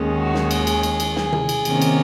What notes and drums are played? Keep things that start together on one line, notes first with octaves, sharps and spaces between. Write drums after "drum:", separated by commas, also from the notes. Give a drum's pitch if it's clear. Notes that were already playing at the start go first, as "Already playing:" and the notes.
Already playing: D#2 D#3 G#3 C#4
F#4
drum: snare
drum: cymbal
G#4, drum: cymbal
drum: cymbal
drum: cymbal
G#4, drum: snare
drum: tom C3
drum: cymbal
C3 D#3 A#3 C#4, drum: cymbal
drum: cymbal